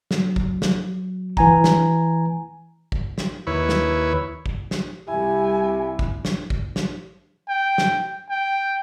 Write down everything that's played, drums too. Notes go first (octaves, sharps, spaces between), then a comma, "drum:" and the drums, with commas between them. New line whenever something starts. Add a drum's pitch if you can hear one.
F#3, drum: snare
drum: kick
drum: snare
E3 G#5 A#5, drum: kick
drum: snare
drum: kick
drum: snare
D#2 E4 B4 C#5
drum: snare
drum: kick
drum: snare
C2 E4 G4 G#5
drum: kick
drum: snare
drum: kick
drum: snare
G5
drum: snare
G5